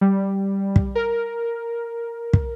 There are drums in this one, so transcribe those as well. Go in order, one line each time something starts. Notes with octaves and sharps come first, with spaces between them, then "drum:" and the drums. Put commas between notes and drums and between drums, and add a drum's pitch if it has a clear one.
G3
drum: kick
A#4
drum: kick